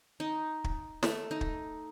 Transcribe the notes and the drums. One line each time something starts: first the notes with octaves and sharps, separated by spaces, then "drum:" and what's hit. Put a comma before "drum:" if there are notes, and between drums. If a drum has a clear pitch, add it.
D#4
drum: kick
A3, drum: snare
D#4
drum: kick